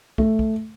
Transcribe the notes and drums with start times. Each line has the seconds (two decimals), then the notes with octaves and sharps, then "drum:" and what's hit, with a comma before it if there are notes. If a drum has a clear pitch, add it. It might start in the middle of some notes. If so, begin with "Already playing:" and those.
0.18 A3, drum: kick
0.39 drum: kick